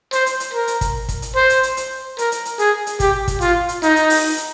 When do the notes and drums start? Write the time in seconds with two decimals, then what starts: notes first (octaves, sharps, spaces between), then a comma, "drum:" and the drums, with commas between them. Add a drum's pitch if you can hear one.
0.13 C5, drum: hi-hat
0.26 drum: hi-hat
0.40 drum: hi-hat
0.53 A#4
0.67 drum: hi-hat
0.81 drum: kick, hi-hat
1.09 drum: kick, hi-hat
1.22 drum: hi-hat
1.35 C5
1.50 drum: hi-hat
1.63 drum: hi-hat
1.77 drum: hi-hat
2.18 A#4, drum: hi-hat
2.32 drum: hi-hat
2.45 drum: hi-hat
2.59 G#4, drum: hi-hat
2.87 drum: hi-hat
3.00 G4, drum: kick, hi-hat
3.28 drum: kick, hi-hat
3.41 F4, drum: hi-hat
3.69 drum: hi-hat
3.83 D#4, drum: hi-hat
3.96 drum: hi-hat
4.10 drum: open hi-hat
4.37 drum: hi-hat